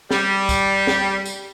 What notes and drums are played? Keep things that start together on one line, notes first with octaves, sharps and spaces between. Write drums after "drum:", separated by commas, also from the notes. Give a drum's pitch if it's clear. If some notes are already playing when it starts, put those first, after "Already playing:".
G3, drum: snare
drum: kick C2, tambourine
drum: snare
drum: tambourine